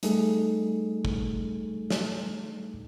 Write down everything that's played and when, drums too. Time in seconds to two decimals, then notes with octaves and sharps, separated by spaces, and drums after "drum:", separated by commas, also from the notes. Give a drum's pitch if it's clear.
0.03 G3 A3 D#4 G#4 A4, drum: hi-hat
1.05 drum: kick
1.90 drum: snare